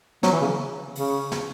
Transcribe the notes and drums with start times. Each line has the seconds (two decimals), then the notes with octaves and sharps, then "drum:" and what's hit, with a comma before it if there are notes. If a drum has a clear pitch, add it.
0.23 F#3, drum: snare
0.32 E3
0.41 C#3
0.95 C#3, drum: open hi-hat
1.32 drum: snare